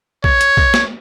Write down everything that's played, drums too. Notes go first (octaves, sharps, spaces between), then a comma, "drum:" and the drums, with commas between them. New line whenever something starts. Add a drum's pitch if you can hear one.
C#5, drum: kick
drum: hi-hat
drum: kick
drum: snare